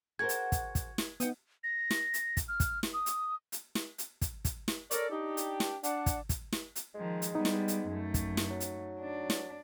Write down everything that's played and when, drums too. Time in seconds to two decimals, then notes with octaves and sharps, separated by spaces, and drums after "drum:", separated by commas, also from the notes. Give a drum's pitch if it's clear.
0.19 F#4 G#4 A#4 C5 F#5 G#6
0.29 drum: hi-hat
0.52 drum: kick, hi-hat
0.75 drum: kick, hi-hat
0.98 drum: snare
1.20 B3 D#4 F#5 G5 D#6, drum: hi-hat
1.64 A#6
1.91 drum: snare
2.14 drum: hi-hat
2.37 drum: kick, hi-hat
2.48 F6
2.60 drum: kick, hi-hat
2.83 drum: snare
2.94 D#6
3.06 drum: hi-hat
3.52 drum: hi-hat
3.75 drum: snare
3.98 drum: hi-hat
4.22 drum: kick, hi-hat
4.45 drum: kick, hi-hat
4.68 drum: snare
4.91 A4 A#4 C#5 D5, drum: hi-hat
5.11 D4 D#4 G4
5.37 drum: hi-hat
5.60 drum: snare
5.83 D4 F#5, drum: hi-hat
6.06 drum: kick, hi-hat
6.29 drum: kick, hi-hat
6.52 drum: snare
6.76 drum: hi-hat
6.95 D#3 F3 G#3
7.22 drum: hi-hat
7.35 G3 B3 D#4
7.45 drum: snare
7.68 drum: hi-hat
7.88 F#2 A3
8.14 drum: kick, hi-hat
8.37 drum: snare
8.50 F#3
8.60 drum: hi-hat
9.00 D4
9.30 drum: snare